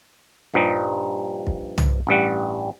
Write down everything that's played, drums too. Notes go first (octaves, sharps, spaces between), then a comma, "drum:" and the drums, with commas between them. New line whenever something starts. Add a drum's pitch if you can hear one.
A#1 G2 F3 G3 D#4
drum: kick
drum: tom
A1 G2 G3 F#5